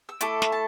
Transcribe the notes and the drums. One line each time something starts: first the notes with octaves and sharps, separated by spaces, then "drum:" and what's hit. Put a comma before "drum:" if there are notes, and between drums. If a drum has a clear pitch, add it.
E6
A3 E4 A4 D6, drum: hi-hat
drum: snare
A5